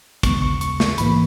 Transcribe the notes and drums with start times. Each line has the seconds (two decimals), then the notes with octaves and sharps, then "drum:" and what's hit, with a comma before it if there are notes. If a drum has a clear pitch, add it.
0.23 D#2 C#3 G#3 B3 C#6, drum: kick, hi-hat
0.42 C#6
0.61 C#6, drum: hi-hat
0.80 C#6, drum: snare
0.98 A#1 G#2 E3 A#3 B5, drum: hi-hat